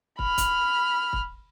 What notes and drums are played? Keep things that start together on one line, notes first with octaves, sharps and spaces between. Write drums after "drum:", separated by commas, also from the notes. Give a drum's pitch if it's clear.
B5 F6, drum: kick
drum: kick, hi-hat
drum: kick